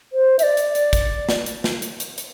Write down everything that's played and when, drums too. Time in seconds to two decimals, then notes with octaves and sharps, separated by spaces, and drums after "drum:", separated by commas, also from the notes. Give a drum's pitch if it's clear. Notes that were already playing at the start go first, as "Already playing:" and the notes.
0.13 C5
0.39 E5, drum: hi-hat
0.43 D5
0.57 drum: hi-hat
0.75 drum: hi-hat
0.93 drum: kick, hi-hat
1.29 drum: snare
1.46 drum: hi-hat
1.64 drum: snare
1.82 drum: hi-hat
2.00 drum: hi-hat
2.18 drum: hi-hat